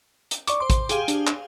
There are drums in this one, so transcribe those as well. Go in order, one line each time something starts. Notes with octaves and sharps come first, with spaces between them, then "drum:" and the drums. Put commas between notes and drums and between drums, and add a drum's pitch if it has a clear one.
drum: hi-hat
D5 C#6 D6, drum: hi-hat
C5 C6 D6
drum: kick A1, hi-hat
G4 G#4 F5, drum: hi-hat
D4, drum: hi-hat
drum: clap